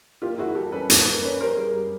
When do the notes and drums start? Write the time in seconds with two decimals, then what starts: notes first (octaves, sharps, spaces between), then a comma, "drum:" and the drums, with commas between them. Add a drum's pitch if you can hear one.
0.22 A#3 F4 G4
0.38 E4 F#4 G#4
0.55 G3 G4 A4
0.72 C#4 A4 B4
0.90 A#3 A4 B4, drum: hi-hat
1.06 A#3
1.23 C#4 B4 C#5
1.41 G3 A#4 C5
1.57 G3 G#4 A#4
1.73 G3